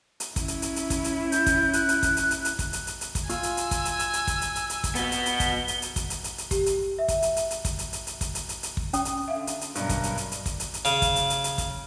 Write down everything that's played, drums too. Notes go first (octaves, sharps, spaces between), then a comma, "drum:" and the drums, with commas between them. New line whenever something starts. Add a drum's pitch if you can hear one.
drum: hi-hat
C#4 E4, drum: kick, hi-hat
drum: hi-hat
drum: hi-hat
drum: hi-hat
drum: kick, hi-hat
drum: hi-hat
G6, drum: hi-hat
drum: kick, hi-hat
F#6, drum: hi-hat
drum: hi-hat
drum: kick, hi-hat
drum: hi-hat
drum: hi-hat
drum: hi-hat
drum: kick, hi-hat
drum: hi-hat
drum: hi-hat
drum: hi-hat
drum: kick, hi-hat
F4 G#5 E6, drum: hi-hat
drum: hi-hat
drum: hi-hat
drum: kick, hi-hat
drum: hi-hat
drum: hi-hat
drum: hi-hat
drum: kick, hi-hat
drum: hi-hat
drum: hi-hat
drum: hi-hat
drum: kick, hi-hat
B3 F#4 G7, drum: hi-hat
drum: hi-hat
drum: hi-hat
drum: kick, hi-hat
drum: hi-hat
drum: hi-hat
drum: kick, hi-hat
drum: hi-hat
drum: hi-hat
drum: hi-hat
G4, drum: kick, hi-hat
drum: hi-hat
E5
drum: kick, hi-hat
drum: hi-hat
drum: hi-hat
drum: hi-hat
drum: kick, hi-hat
drum: hi-hat
drum: hi-hat
drum: hi-hat
drum: kick, hi-hat
drum: hi-hat
drum: hi-hat
drum: hi-hat
drum: kick
C#4 G5 D#6, drum: hi-hat
drum: hi-hat
D3 E5 F5
drum: hi-hat
drum: hi-hat
G2 B2 F#3 A#4, drum: hi-hat
drum: kick, hi-hat
drum: hi-hat
drum: hi-hat
drum: hi-hat
drum: kick, hi-hat
drum: hi-hat
drum: hi-hat
C#3, drum: hi-hat
drum: kick, hi-hat
drum: hi-hat
drum: hi-hat
drum: hi-hat
drum: kick, hi-hat